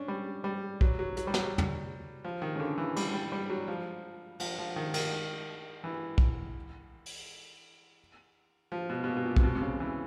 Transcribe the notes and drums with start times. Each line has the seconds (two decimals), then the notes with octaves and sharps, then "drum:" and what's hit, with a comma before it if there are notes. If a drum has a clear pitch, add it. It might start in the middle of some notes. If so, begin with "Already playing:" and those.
Already playing: C#4 D4
0.08 G3
0.44 G3
0.81 F#3, drum: kick
0.99 F#3
1.17 F#3, drum: hi-hat
1.27 G3
1.34 F#3, drum: snare
1.58 drum: tom
2.25 F3
2.42 D#3
2.55 C#3
2.60 D3
2.78 E3
2.96 G3, drum: cymbal
3.14 G3
3.32 G3
3.50 F#3
3.68 F3
4.40 F3, drum: cymbal
4.58 F3
4.76 D#3
4.94 D#3, drum: cymbal
5.84 E3
6.18 drum: kick
7.06 drum: open hi-hat
8.72 F3
8.90 B2
9.04 B2
9.08 A#2
9.17 B2
9.26 A#2
9.36 C3, drum: kick
9.43 B2
9.55 C3
9.61 C#3
9.80 E3